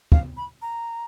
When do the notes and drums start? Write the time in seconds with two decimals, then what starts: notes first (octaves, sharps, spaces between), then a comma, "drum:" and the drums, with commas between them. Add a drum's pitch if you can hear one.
0.12 F5, drum: kick
0.37 B5
0.62 A#5